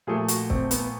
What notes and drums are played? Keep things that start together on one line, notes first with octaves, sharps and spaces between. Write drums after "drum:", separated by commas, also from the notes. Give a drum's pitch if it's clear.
A#2 F3 A3 G#4
F#4, drum: hi-hat
C4, drum: kick
B3, drum: hi-hat